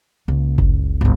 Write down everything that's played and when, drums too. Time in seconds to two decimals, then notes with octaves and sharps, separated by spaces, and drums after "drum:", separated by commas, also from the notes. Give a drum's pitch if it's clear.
0.28 C#2 C#3 A#3
0.58 F#1, drum: kick G1
1.01 G1 D2